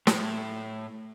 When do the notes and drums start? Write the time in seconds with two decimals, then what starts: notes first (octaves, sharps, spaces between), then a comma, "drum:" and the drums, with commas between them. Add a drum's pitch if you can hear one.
0.07 A2, drum: snare